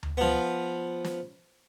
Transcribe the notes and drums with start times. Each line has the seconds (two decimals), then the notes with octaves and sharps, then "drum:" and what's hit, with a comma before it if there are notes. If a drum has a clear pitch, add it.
0.03 drum: tom D2
0.17 F3 B3
1.05 drum: snare